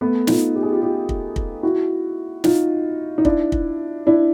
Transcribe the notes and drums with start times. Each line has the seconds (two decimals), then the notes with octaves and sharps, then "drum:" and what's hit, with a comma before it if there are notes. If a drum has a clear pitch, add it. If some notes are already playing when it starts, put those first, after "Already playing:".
0.01 A3 B3
0.27 D#4 F4, drum: snare
0.55 G4
0.63 G#4
0.72 F4 G4
0.82 F4 G4
1.09 drum: kick
1.36 drum: kick
1.63 E4 F#4
2.44 D#4 F4, drum: snare
3.18 D#4
3.25 D4 E4, drum: kick
3.52 drum: kick
4.06 D4 E4